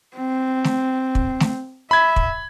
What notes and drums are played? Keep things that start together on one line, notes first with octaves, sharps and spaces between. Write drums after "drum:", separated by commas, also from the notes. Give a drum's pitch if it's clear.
C4
drum: snare A3
drum: kick
drum: snare A3
E5 B5 G#6
drum: kick